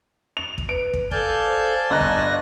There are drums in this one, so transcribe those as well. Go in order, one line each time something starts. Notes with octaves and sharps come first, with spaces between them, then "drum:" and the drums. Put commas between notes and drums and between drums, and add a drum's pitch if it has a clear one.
F7
drum: kick
B4 D7
drum: kick
A4 D5 F5 G#5 A5 G6, drum: kick
C5
G1 D4 D#5 A#5 F#6 A#6
drum: kick